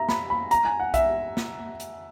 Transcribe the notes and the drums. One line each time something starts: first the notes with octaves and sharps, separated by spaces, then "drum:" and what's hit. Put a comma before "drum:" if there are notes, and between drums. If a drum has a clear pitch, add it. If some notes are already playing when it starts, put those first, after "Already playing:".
Already playing: E5 A#5
B5, drum: snare
B5
A#5, drum: hi-hat
G#5
F#5
E5, drum: kick B1, hi-hat
drum: snare
drum: hi-hat